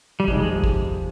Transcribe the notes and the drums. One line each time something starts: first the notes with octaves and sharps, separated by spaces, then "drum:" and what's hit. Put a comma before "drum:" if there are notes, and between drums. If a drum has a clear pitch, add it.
G3
F2 C3 D#3 G#3, drum: kick
drum: kick